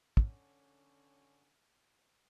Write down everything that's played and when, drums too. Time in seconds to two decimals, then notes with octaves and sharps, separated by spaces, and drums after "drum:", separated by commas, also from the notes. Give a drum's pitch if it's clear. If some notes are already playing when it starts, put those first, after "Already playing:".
0.17 D3 C#4, drum: kick